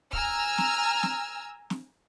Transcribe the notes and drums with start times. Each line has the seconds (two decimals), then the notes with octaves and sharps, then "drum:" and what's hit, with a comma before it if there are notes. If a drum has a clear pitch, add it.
0.13 G#5 A#5 E6 F6, drum: kick
0.58 drum: snare
1.03 drum: snare
1.70 drum: snare